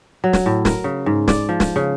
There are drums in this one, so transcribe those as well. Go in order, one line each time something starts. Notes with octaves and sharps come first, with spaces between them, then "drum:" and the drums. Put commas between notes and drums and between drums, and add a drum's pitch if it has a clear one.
F#3
drum: snare
A2
A#4, drum: snare
C#3
G#2
D5, drum: snare
F3
drum: snare
C#3